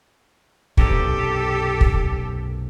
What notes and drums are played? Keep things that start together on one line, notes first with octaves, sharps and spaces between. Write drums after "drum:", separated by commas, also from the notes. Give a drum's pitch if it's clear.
B1 F#2 C3 G4 A4, drum: kick
drum: kick